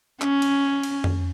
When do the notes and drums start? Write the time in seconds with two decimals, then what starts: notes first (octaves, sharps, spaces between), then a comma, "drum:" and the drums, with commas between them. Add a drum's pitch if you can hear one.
0.22 C#4, drum: clap
0.42 drum: cymbal
0.83 drum: cymbal
1.04 drum: tom F2